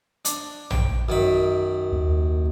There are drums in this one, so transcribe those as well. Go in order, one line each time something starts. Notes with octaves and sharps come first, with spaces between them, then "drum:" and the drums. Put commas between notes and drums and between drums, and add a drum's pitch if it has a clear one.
D4, drum: hi-hat
G5, drum: tom
F#2 D#3 B5
D#2